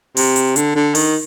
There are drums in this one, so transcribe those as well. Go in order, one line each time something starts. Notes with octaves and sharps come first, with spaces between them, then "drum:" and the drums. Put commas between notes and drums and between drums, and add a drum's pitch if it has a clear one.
C3, drum: open hi-hat
drum: hi-hat
D3, drum: hi-hat
D3
D#3, drum: open hi-hat